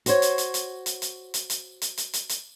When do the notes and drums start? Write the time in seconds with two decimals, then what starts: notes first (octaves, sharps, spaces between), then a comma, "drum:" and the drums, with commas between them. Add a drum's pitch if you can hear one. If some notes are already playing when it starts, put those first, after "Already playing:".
0.06 F#4 C5 C#5, drum: hi-hat
0.22 drum: hi-hat
0.38 drum: hi-hat
0.54 drum: hi-hat
0.86 drum: hi-hat
1.02 drum: hi-hat
1.34 drum: hi-hat
1.50 drum: hi-hat
1.82 drum: hi-hat
1.97 drum: hi-hat
2.13 drum: hi-hat
2.29 drum: hi-hat